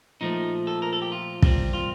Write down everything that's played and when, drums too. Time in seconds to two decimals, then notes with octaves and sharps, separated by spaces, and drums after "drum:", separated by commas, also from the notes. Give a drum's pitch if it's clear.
0.21 A#2 F3 A3 D#4
0.67 A4
0.82 A#4
0.93 A4
1.02 G4
1.12 F4
1.42 A#2 G3 C4, drum: kick
1.73 F4